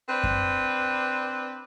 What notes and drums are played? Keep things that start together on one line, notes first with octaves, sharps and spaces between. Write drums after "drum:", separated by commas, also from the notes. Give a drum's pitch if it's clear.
C4 D4 B4
drum: kick F#2